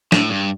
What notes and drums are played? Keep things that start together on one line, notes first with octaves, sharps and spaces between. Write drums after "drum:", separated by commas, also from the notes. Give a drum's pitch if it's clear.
A2, drum: snare
G2